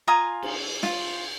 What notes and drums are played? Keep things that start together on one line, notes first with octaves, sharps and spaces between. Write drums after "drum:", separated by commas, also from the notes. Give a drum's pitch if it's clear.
F4 G#5 A#5 D#6
drum: cymbal
F4, drum: snare